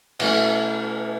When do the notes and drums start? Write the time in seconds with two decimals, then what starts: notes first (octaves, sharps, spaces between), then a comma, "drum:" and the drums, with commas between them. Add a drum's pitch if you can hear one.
0.20 B2 E3 A3 C#4, drum: cymbal